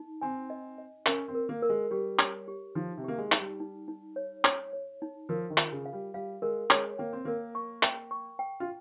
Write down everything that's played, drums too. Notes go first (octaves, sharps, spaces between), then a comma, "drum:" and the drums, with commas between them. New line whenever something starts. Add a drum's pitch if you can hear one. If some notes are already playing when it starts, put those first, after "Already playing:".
Already playing: D#4
C4 G#5
D#5
D#5
C#4 A#4, drum: clap
C4
A#4
A#3
A#4
G#3
G3 G4
C#5, drum: clap
G4
F3 D#4
C3
A#3 G4
G#3
D#4, drum: clap
G3
D#4
D#4
C#5
C#5, drum: clap
C#5
D#4
F3 A#4
D#3
F4, drum: clap
C#3
F5
G3
G3 F5
G#3 A#4
G#3 C#5, drum: clap
A#3 G5
C4
A#3 A#4
C#6
G5, drum: clap
C#6
G5
F4